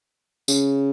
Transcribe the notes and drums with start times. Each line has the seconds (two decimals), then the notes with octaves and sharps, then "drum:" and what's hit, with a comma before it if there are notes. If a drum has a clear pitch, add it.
0.48 C#3, drum: tambourine